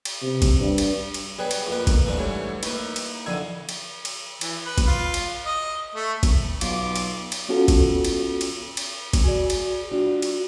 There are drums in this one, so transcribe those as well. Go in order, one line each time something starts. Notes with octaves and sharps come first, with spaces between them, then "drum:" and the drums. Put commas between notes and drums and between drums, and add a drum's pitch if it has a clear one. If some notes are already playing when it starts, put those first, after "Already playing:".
drum: cymbal
C3
drum: kick G1, cymbal
G2
drum: cymbal
drum: cymbal
G3 B3 G#4 B4 C#5
drum: cymbal
F2 A3 A#3 B4
drum: kick G1, cymbal
G#2 D3 E3
G3 A3 C#5
A#3 D#4 E4 B4, drum: cymbal
drum: cymbal
F2 D3 E4 G#6 D#7
drum: cymbal
drum: cymbal
E3, drum: cymbal
B4
drum: kick G1, cymbal
F4
drum: cymbal
D#5
A3
drum: kick G1, cymbal
B1 F4 D6, drum: cymbal
drum: cymbal
drum: cymbal
B3 C#4 F4 F#4 A4
drum: kick G1, cymbal
drum: cymbal
drum: cymbal
drum: cymbal
drum: kick G1, cymbal
F#4 G#4 D5
drum: cymbal
G3 D4 F4 F#4
drum: cymbal